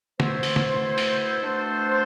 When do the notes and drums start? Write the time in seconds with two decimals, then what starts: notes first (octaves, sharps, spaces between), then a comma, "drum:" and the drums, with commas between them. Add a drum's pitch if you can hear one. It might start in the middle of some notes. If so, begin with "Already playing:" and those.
0.20 B2 A3 E4 A4 C5, drum: snare
0.43 drum: open hi-hat
0.56 drum: snare
0.98 drum: open hi-hat
1.42 B2 A3 D4 A4 C5